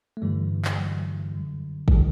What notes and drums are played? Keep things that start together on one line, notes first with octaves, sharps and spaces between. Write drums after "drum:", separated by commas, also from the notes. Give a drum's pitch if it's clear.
A3
G2 D3 E3 G3
drum: clap
G2 D3 F#3
F#2 D3
D3 E3 G3, drum: kick